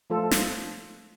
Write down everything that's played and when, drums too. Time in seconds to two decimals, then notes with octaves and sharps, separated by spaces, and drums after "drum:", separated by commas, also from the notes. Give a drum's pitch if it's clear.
0.10 F3 A3 F4 A4
0.31 drum: snare